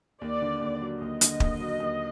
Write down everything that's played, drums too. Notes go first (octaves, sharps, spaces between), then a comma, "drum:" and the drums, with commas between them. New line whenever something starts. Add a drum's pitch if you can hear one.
D#2 D5
D3
D#2
F#3
D#2 D#5
D3, drum: hi-hat
D#2, drum: kick
F#3
D#2